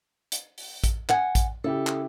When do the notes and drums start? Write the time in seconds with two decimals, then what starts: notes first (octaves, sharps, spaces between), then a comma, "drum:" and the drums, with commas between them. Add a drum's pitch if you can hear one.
0.32 drum: hi-hat
0.58 drum: open hi-hat
0.84 drum: kick A1, hi-hat
1.09 F#5 G#5, drum: clap
1.35 drum: kick A1, hi-hat
1.64 C#3 E4 G4 A4
1.87 drum: clap